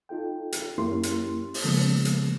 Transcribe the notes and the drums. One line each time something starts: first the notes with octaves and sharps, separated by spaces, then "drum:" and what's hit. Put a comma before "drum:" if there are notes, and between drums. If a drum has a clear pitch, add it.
D#4 F4 A4 G5
drum: hi-hat
F#2 A#3 C#4 E4 G4 C6
drum: hi-hat
drum: open hi-hat
C#3 F3 G#3 A#3 B3
drum: hi-hat